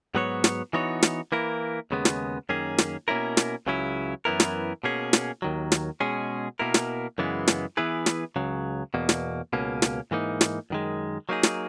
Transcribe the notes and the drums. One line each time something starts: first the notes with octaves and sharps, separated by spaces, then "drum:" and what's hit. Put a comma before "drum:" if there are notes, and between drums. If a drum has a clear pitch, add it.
G#2 F#3 B3 F#4 C#5
drum: snare
E3 B3 D#4 F#4 C#5
drum: snare
E3 A#3 E4 A#4
D#2 C#3 G#3 B3
drum: snare
F#2 D#3 A#3 C#4 G#4
drum: snare
B2 A#3 C#4 E4 A#4
drum: snare
C#2 C#3 F#3 C#4 E4
F#2 E3 B3 E4 A#4
drum: snare
B2 A#3 C#4 G#4
drum: snare
D#2 D#3 F#3
drum: snare
B2 G#3 C#4 G#4
B2 A#3 E4 A#4
drum: snare
F#2 C#3 E3 G#3 B3
drum: snare
E3 B3 E4 G#4 B4
drum: snare
C#2 C#3 F#3
E2 B2 A#3
drum: snare
C#2 B2 A#3 C#4
drum: snare
G#2 E3 A#3 D#4
drum: snare
F#2 D#3 G#3
F#3 A#3 D#4 G#4
drum: snare